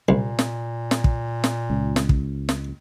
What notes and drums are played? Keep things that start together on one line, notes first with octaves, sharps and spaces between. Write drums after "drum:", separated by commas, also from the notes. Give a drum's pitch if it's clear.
C2 A#2
drum: snare
drum: snare
drum: kick
drum: snare
C#2
drum: snare
drum: kick
drum: snare